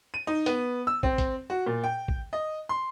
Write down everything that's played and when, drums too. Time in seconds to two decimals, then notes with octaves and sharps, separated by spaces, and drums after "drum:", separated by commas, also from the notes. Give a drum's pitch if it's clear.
0.14 D#7
0.27 D#4
0.46 B3, drum: hi-hat
0.87 E6
1.03 C4, drum: kick
1.18 drum: kick, hi-hat
1.50 F#4
1.66 A#2
1.84 G5
2.08 drum: kick
2.33 D#5
2.69 C6